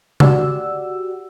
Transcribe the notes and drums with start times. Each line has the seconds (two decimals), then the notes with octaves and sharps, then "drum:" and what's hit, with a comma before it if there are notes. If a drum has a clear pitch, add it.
0.20 F#4 G4 D5 F#5 E6, drum: tom C#3